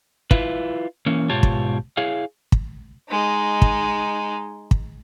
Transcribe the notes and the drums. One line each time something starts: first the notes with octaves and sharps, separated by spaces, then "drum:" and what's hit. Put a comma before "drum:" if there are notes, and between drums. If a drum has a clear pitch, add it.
E4 F4 B4, drum: kick
E3 A#3 C#4
G#2 B2 F4 G4 C#5 A5
drum: kick
E4 G#4 C#5 F5
drum: kick
G#3 D#4
drum: kick
drum: kick